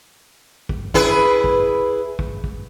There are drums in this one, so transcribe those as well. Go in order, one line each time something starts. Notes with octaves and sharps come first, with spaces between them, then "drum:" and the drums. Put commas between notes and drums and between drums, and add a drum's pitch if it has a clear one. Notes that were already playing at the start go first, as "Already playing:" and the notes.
drum: kick
E4 G#4 B4, drum: kick
drum: kick
drum: kick
drum: kick